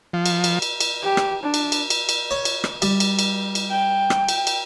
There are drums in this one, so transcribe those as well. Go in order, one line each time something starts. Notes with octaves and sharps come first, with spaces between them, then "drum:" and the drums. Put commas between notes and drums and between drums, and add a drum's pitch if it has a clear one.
F3
drum: cymbal
drum: cymbal
drum: cymbal
drum: cymbal
G4
drum: rim click
D4
drum: cymbal
drum: cymbal
drum: cymbal
drum: cymbal
C#5
drum: cymbal
drum: rim click
G3, drum: cymbal
drum: cymbal
drum: cymbal
drum: cymbal
G5
drum: rim click
drum: cymbal
drum: cymbal